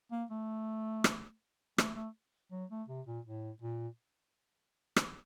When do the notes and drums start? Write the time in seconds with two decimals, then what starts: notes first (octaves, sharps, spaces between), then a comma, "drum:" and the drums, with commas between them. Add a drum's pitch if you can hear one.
0.12 A#3
0.30 A3
1.04 drum: rim click
1.78 A3, drum: rim click
1.96 A3
2.52 F#3
2.70 A3
2.88 C3
3.07 A#2
3.25 A2
3.62 A#2
4.96 drum: rim click